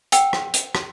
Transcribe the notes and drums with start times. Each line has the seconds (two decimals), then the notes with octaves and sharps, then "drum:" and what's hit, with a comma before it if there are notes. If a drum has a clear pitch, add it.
0.12 F#5 G5 E6, drum: hi-hat
0.33 drum: rim click
0.54 drum: hi-hat
0.75 drum: rim click